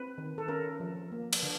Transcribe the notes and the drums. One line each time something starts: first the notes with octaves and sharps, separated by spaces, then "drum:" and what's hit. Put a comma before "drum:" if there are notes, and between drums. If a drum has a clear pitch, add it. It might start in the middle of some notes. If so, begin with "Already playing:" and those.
Already playing: C4 B4
D#3
A4
C#4 A#4
F3
A#3
drum: cymbal
D3